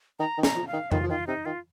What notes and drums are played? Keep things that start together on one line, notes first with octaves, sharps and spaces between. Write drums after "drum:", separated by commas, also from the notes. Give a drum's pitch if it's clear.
D#3 A#5
D#3
A#5, drum: snare
F3
F5
D#3
D#3 F4, drum: tom F2
F3
D#3 F4
C3 D#4
D#3 F4